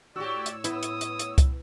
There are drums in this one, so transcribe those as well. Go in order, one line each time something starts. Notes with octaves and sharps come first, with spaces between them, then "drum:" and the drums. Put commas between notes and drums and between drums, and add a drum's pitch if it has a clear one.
A2 F#4 G4 C#5 D5 E6
drum: hi-hat
B3 E4 D#6, drum: hi-hat
drum: hi-hat
drum: hi-hat
drum: hi-hat
drum: kick C2, hi-hat